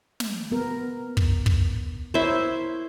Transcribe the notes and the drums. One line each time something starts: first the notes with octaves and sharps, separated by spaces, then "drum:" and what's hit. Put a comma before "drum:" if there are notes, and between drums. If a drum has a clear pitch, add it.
drum: snare
B3 A#4
drum: kick
drum: kick
E4 A#4 C5 C#5